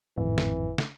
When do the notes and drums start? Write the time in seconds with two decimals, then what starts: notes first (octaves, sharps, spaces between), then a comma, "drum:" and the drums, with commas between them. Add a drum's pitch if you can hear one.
0.18 G#1 F2 A2 E3
0.38 drum: snare
0.78 drum: snare